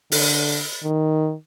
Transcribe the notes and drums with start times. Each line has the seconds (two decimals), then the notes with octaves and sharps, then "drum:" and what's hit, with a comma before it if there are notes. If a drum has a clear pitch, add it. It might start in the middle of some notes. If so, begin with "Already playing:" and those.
0.12 D3, drum: open hi-hat
0.83 D#3